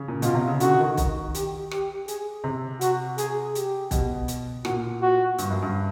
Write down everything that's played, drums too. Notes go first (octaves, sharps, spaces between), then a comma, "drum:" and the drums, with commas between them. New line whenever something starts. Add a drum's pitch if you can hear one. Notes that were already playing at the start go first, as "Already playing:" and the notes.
Already playing: C#3
A#2
B2 F4, drum: hi-hat
C3
C#3
D3 F#4, drum: hi-hat
D#3
D#3, drum: kick, hi-hat
G4, drum: hi-hat
G4, drum: rim click
G#4, drum: hi-hat
C3
F#4, drum: hi-hat
G#4, drum: hi-hat
G4, drum: hi-hat
B2, drum: kick, hi-hat
drum: hi-hat
A#2 F#4, drum: rim click
F#4
G2, drum: hi-hat
F#2
G2